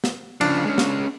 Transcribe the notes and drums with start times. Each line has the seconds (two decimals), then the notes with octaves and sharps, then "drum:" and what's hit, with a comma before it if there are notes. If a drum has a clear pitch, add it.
0.04 drum: snare
0.41 C#3 F3 D4, drum: cymbal
0.66 G#3 C#4
0.78 drum: snare